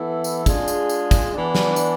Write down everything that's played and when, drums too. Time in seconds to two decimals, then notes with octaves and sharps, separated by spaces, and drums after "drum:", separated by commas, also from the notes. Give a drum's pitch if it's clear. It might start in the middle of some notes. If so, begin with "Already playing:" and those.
Already playing: E3 B3 E4 A4
0.24 drum: tambourine
0.46 G#3 D4 F4 G#4, drum: kick, tambourine
0.68 drum: tambourine
0.89 drum: tambourine
1.11 drum: kick, tambourine
1.33 E3 B3 D4
1.55 drum: snare
1.76 drum: tambourine